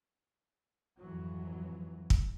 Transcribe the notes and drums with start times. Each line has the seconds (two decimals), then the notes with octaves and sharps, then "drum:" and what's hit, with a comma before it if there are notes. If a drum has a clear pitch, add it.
0.99 F2 G#2 E3 F#3
2.10 drum: kick